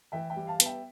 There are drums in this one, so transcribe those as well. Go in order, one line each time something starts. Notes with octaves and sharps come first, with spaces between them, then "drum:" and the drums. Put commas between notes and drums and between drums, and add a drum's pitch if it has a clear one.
E3 E5 G5
E5 G5
G3
F5 A5
B3, drum: hi-hat
E5 G5